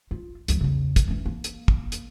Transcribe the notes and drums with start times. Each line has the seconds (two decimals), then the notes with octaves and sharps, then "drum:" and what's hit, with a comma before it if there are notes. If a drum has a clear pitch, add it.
0.11 F4
0.48 C#2 F3, drum: hi-hat
0.61 E2 C#3
0.96 drum: kick, hi-hat
1.08 E3 C#4
1.26 A#3
1.44 drum: hi-hat
1.68 drum: kick
1.92 drum: hi-hat